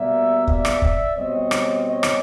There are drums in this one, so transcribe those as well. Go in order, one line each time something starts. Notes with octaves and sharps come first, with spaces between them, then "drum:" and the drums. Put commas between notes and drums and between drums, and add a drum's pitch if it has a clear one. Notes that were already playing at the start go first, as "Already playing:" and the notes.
Already playing: B2 G3 A#3 D5 E5
D5 E5, drum: kick
drum: rim click
drum: kick
B2 G3 C4 C#5 D#5
drum: rim click
C#5 D#5
drum: rim click